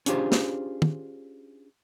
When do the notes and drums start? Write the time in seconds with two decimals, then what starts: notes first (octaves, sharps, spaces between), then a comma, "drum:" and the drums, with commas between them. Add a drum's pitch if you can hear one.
0.06 C#4 D4 F4 G4 G#4 C5, drum: hi-hat
0.32 drum: snare
0.82 drum: tom